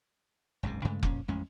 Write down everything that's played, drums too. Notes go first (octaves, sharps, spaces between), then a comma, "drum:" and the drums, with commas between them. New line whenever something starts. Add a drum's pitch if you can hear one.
F#1 C#2 G#2 C3
G2 C#3 G#3 A3
F2 A#2 C#4, drum: kick F1
A1 F2 G#3 C#4